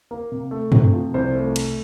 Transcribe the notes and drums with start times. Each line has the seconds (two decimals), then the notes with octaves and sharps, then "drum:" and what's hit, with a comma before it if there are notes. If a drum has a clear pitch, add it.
0.11 A#3
0.32 C3
0.51 A3
0.72 C3, drum: tom G2
0.93 F3
1.14 C2 C5
1.35 A3
1.56 drum: cymbal